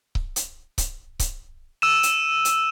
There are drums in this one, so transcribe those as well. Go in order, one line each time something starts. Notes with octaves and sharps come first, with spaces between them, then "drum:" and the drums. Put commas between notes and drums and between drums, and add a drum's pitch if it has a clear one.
drum: kick C#1
drum: hi-hat
drum: kick C#1, hi-hat
drum: kick C#1, hi-hat
E6 D#7 E7
drum: hi-hat
drum: hi-hat